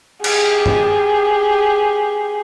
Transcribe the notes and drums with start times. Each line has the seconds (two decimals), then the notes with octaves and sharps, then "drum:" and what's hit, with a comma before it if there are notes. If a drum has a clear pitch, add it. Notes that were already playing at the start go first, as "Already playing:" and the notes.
0.24 G4 G#4, drum: cymbal
0.66 drum: tom F#2